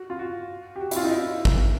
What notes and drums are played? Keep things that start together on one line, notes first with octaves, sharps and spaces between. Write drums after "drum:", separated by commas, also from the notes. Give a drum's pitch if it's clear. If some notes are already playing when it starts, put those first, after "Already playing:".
Already playing: F#4
F4
F#4
G4
F#4
E4, drum: hi-hat
F4
D#4
E4
drum: kick